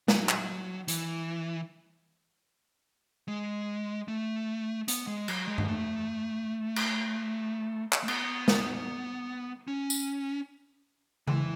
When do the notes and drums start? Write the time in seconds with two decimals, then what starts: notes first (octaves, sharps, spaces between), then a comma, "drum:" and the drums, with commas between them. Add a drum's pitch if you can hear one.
0.08 F#3, drum: snare
0.29 drum: clap
0.88 E3, drum: hi-hat
3.28 G#3
4.08 A3
4.88 B3, drum: hi-hat
5.07 G#3
5.28 F#3, drum: cymbal
5.48 G#3
5.58 drum: tom G2
5.68 A3
6.76 drum: cymbal
7.92 drum: clap
8.03 A3
8.08 B3, drum: cymbal
8.48 drum: snare
9.68 C#4
9.90 drum: tambourine
11.28 E3, drum: tom C#3